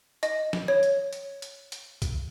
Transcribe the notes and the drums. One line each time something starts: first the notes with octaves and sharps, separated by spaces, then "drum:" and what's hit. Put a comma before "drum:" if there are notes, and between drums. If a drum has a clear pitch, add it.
D#5, drum: hi-hat
drum: snare
C#5
drum: hi-hat
drum: hi-hat
drum: hi-hat
drum: hi-hat
drum: kick C2, hi-hat